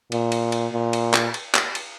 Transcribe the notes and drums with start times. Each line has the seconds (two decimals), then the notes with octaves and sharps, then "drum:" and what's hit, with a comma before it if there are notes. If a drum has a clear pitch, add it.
0.12 A#2, drum: cymbal
0.32 drum: cymbal
0.52 drum: cymbal
0.73 A#2
0.93 drum: cymbal
1.14 drum: clap
1.34 drum: cymbal
1.55 drum: clap
1.75 drum: cymbal